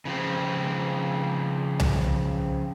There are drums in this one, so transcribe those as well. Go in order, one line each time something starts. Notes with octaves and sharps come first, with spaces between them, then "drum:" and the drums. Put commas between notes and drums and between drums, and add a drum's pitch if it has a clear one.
C#3 F3 C4
drum: tom C2